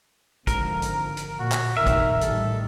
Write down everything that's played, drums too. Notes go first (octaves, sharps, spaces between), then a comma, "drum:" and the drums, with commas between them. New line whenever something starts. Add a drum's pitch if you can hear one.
G#1 D3 F3 A#4, drum: kick, hi-hat
drum: hi-hat
drum: hi-hat
A#2 F#4
drum: clap
F1 A#1 D#3 A#4 E5
drum: kick, hi-hat
A1 D#3 G3 A4, drum: hi-hat